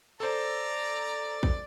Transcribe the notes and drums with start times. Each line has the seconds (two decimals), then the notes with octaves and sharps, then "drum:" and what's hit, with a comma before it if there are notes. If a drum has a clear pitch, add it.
0.20 A4 C5 D5 A#5
1.43 drum: kick